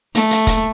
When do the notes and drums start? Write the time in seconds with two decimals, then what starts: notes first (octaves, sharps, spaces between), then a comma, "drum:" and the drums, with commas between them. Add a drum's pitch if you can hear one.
0.15 A3, drum: hi-hat
0.31 drum: hi-hat
0.47 drum: kick, hi-hat